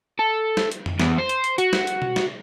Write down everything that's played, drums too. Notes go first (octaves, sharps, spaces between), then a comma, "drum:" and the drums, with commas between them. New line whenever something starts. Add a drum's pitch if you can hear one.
A4
drum: snare
drum: hi-hat
drum: tom F2
E2, drum: snare
C5
drum: hi-hat
drum: hi-hat
F#4, drum: hi-hat
drum: snare
drum: hi-hat
drum: tom B2
drum: snare